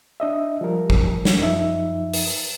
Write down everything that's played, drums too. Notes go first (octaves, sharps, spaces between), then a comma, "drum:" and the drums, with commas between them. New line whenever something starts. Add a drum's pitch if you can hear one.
D4 D#5 E5
F3 G3 A#4
drum: kick
drum: snare
F#2 F3 D#4 E5
drum: open hi-hat